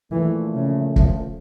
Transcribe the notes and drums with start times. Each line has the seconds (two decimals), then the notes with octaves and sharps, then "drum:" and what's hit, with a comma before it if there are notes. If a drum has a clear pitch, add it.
0.11 A#1 A#2 E3 A3
0.54 C#3
0.96 F3, drum: kick